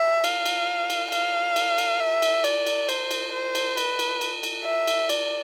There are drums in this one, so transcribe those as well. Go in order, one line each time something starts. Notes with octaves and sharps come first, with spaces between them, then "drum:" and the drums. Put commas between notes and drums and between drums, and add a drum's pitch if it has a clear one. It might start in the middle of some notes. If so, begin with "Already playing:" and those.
Already playing: E5
F5, drum: cymbal
drum: cymbal
drum: cymbal
F5, drum: cymbal
drum: cymbal
drum: cymbal
E5
drum: cymbal
D5, drum: cymbal
drum: cymbal
C5, drum: cymbal
drum: cymbal
C5
drum: cymbal
B4, drum: cymbal
drum: cymbal
drum: cymbal
drum: cymbal
E5
drum: cymbal
D5, drum: cymbal